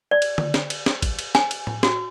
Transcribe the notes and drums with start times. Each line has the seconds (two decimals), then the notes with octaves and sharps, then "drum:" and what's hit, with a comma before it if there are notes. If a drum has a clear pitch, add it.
0.11 D5
0.22 drum: cymbal
0.38 drum: tom D3
0.54 drum: snare
0.70 drum: cymbal
0.86 drum: snare
1.02 drum: kick, cymbal
1.19 drum: cymbal
1.35 G#5, drum: snare
1.51 drum: cymbal
1.67 drum: tom A2
1.83 F#4, drum: snare